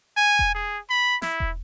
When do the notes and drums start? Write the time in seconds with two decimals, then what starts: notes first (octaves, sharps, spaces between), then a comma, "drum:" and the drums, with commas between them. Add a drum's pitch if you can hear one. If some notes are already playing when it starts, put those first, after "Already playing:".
0.17 G#5
0.39 drum: kick E1
0.55 G#4
0.90 B5
1.22 E4, drum: snare
1.40 drum: kick E1